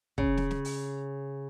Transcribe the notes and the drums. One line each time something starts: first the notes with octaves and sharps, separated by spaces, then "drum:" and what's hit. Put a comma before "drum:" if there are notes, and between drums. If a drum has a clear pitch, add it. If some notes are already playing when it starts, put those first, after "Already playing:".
C#3, drum: kick
drum: snare
drum: snare
drum: open hi-hat